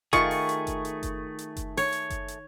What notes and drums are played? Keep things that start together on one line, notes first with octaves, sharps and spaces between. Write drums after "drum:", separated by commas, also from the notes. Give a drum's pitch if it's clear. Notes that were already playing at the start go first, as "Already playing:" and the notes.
D#3 A3 F4 G#4 C#6, drum: kick F#1, hi-hat
drum: open hi-hat
drum: hi-hat
drum: kick F#1, hi-hat
drum: hi-hat
drum: kick F#1, hi-hat
drum: hi-hat
drum: kick F#1, hi-hat
C#5, drum: open hi-hat
drum: hi-hat
drum: kick F#1, hi-hat
drum: hi-hat